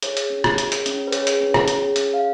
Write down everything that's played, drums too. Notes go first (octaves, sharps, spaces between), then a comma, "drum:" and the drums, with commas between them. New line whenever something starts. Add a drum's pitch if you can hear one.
G#4 C#5, drum: hi-hat
drum: hi-hat
C#4
drum: rim click
G#4, drum: hi-hat
drum: hi-hat
C#4, drum: hi-hat
B4
G#4 C#5, drum: hi-hat
drum: hi-hat
C#4
drum: rim click
G#4, drum: hi-hat
C#4, drum: hi-hat
F5